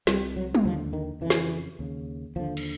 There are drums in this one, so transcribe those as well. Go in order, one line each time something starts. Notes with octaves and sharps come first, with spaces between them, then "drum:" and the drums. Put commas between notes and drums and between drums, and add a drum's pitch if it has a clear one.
C2 C3 G3, drum: snare
F#3
drum: tom
D#2 D3 F3
D#3
F2 C#3 E3
drum: snare
D#2 C#3
D#2 D3 F3
drum: cymbal